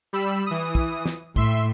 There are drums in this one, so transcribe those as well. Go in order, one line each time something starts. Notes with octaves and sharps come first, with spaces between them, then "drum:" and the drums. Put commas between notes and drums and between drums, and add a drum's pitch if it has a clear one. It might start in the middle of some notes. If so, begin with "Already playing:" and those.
G3 B5 E6
E3 D#6
drum: kick
drum: snare
A2 E5 C6, drum: kick